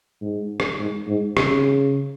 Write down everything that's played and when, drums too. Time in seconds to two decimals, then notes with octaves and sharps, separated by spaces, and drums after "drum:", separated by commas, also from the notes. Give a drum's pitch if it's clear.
0.21 G#2
0.60 drum: rim click
0.79 G#2
1.07 G#2
1.37 C#3, drum: rim click